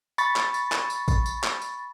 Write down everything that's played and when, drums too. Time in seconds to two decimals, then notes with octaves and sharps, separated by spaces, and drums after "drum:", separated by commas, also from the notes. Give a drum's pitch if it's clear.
0.18 B5 C#6 A6, drum: tambourine
0.36 drum: clap
0.54 drum: tambourine
0.72 drum: clap
0.90 drum: tambourine
1.08 drum: kick, tambourine
1.26 drum: tambourine
1.44 drum: clap
1.62 drum: tambourine